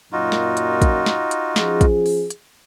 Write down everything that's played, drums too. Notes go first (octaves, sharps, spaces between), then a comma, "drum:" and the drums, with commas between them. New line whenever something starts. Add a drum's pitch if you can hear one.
F#2 A#2 D#4 F4 F#4
drum: snare
drum: hi-hat
drum: kick, hi-hat
drum: snare
drum: hi-hat
F3 C#4 G#4, drum: snare
drum: kick, hi-hat
drum: open hi-hat
drum: hi-hat